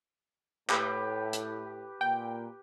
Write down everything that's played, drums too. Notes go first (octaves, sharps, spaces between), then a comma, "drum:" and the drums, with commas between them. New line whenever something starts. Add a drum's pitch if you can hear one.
A2 G4 B4 B5, drum: clap
drum: hi-hat
A#2 G5